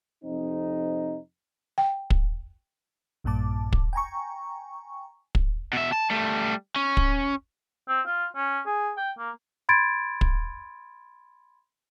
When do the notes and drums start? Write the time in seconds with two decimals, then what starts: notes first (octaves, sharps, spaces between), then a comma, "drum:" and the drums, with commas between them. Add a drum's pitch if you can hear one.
0.24 F2 C3 C4 D#4
1.78 G5
2.10 drum: kick
3.24 A#1 G2 A#2 A#3 A5 D6
3.73 drum: kick
3.93 G5 G#5 A#5 C#6
5.35 drum: kick
5.73 B2 E5
5.92 A5
6.10 G3 A3
6.76 C#4
6.97 drum: kick
7.89 C4
8.06 F4
8.36 C#4
8.66 G#4
8.97 G5
9.18 A#3
9.69 B5 C6 G#6 A6 D7
10.21 drum: kick